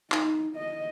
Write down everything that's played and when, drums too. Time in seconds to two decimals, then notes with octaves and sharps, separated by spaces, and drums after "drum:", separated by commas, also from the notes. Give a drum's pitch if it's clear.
0.12 D#4, drum: clap
0.57 D#5